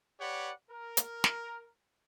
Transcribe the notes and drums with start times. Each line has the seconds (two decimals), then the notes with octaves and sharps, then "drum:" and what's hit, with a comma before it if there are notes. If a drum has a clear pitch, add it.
0.20 G4 B4 C#5 D5 F#5
0.70 A#4
0.97 drum: hi-hat
1.24 drum: snare